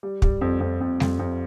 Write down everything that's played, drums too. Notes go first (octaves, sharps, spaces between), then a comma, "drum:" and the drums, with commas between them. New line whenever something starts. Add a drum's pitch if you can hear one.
G3
G3, drum: kick
F2
F2
F2
F2, drum: snare G3
F2